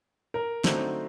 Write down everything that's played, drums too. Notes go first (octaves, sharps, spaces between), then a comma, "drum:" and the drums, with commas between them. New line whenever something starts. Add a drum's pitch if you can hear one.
A#4
D3 F#3 A3 C4 D#4, drum: snare